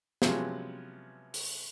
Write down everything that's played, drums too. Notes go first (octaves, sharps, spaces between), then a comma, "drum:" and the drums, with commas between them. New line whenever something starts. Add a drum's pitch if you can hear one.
C3 F3 F#3 G#3 B3 C#4, drum: snare
drum: open hi-hat